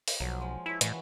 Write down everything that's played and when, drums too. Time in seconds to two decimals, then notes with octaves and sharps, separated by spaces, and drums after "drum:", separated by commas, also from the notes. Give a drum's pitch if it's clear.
0.08 drum: open hi-hat
0.20 B1 F3 F#3 A#3
0.40 F3 G#3
0.66 E4 B4 C#5
0.81 A2 E3 F#4, drum: hi-hat